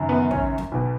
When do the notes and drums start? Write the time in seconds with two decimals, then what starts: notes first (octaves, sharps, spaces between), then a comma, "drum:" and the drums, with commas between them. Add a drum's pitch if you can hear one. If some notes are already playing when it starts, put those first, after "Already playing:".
Already playing: F#1 F#2 D#3
0.09 B3
0.31 C#4, drum: kick
0.58 drum: snare
0.72 B1 B2